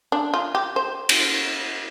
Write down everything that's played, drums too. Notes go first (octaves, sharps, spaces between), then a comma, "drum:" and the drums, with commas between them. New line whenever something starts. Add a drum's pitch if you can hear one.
D4
F4
G4
C5
drum: cymbal